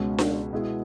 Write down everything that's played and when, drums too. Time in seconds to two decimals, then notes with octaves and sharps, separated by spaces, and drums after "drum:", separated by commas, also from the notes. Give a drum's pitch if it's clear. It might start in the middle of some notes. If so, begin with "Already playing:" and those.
Already playing: C#2 B2 G#3 C#4
0.18 drum: snare D4
0.53 B2 G#3 B3 E4 G#4